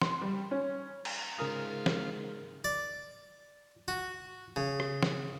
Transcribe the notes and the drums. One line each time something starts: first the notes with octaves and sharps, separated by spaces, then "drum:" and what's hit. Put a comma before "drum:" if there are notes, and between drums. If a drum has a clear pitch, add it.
C6, drum: snare
G3
C#4
drum: cymbal
G#2 C#3 F4 A#4 D#6
drum: snare
D5
F#4
C#3
drum: rim click
drum: snare